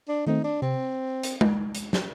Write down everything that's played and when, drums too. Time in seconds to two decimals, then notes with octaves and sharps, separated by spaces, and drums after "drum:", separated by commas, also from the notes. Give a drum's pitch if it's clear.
0.08 D4
0.27 D#3 A3 C4 D#4
0.44 D4
0.62 C3 C4
1.23 drum: hi-hat
1.41 drum: tom G#3
1.75 drum: hi-hat
1.93 drum: snare